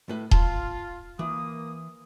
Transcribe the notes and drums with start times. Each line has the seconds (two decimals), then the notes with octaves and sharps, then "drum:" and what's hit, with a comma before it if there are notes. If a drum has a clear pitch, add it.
0.09 A2 B4
0.31 F4 A5, drum: kick D#1
1.19 E3 A#3 D#6